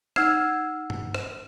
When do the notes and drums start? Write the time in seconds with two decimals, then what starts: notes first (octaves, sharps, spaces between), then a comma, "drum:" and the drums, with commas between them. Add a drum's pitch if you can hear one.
0.16 D#4 F#5 E6 F6 G#6 C7, drum: rim click
0.90 drum: tom G2
1.14 drum: rim click